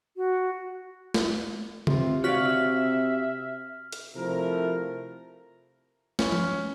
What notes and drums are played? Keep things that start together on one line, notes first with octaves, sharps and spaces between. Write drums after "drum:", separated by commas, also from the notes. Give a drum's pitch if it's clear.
F#4
drum: snare
C3 F4, drum: tom C#3
C3 F#4 C#5 D5 F5 F6 B6 F#7
E5
drum: hi-hat
C3 F3 A3 E4 A#4
C#4, drum: snare
drum: tom F3